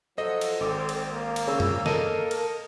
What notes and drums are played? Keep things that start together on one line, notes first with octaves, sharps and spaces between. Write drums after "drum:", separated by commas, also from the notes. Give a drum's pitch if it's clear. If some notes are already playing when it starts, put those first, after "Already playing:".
F3 F#3 A4 C5 D#5
drum: cymbal
G#1 F#3 C4 D6
drum: cymbal
A#3
drum: cymbal
C#3 E6
drum: tom F#2
A4 A#4 D#5 D#7, drum: snare
drum: cymbal